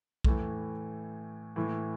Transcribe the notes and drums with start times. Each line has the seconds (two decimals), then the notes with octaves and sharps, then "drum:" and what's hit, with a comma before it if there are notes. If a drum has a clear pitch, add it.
0.25 A2 E3 A3, drum: kick
1.56 A2 E3